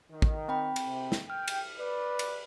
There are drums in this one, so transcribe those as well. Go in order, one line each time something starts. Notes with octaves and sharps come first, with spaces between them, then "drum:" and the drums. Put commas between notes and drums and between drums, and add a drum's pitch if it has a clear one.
D#3
drum: kick
C4 G5 B5
drum: cymbal
C3
drum: snare
G5 F6
drum: cymbal
B4 D5
drum: cymbal